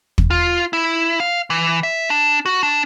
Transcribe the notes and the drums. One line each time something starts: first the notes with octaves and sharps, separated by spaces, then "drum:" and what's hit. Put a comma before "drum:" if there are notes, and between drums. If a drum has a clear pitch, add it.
drum: kick
F4
E4
F5
E3
E5
D4
F#4
D4